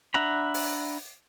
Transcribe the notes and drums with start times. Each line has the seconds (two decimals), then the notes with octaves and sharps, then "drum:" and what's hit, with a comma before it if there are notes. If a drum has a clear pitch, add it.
0.14 D4 E5 F#5 A#5 B5
0.54 drum: open hi-hat